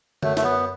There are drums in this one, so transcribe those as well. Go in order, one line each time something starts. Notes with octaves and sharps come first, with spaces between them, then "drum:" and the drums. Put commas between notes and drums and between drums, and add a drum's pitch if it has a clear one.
F#2 A3, drum: tom D3
A3, drum: snare
F#2 B3